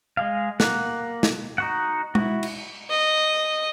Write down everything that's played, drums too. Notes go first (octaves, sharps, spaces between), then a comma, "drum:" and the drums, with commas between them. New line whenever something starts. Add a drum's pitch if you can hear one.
G#3 G#4 F5
A#3 F#5, drum: snare
drum: snare
D#4 F#4 F#5
E4 F#4, drum: tom G#3
drum: cymbal
D#5